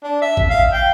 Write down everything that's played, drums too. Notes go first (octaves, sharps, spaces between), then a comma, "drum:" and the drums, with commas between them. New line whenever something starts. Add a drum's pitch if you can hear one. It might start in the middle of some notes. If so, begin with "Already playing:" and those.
D4
E5
drum: kick A1
F5
G5